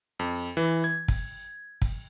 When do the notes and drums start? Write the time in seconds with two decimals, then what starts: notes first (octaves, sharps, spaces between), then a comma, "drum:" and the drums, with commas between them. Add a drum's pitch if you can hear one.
0.19 F2
0.57 E3
0.84 G#6
1.08 drum: kick
1.82 drum: kick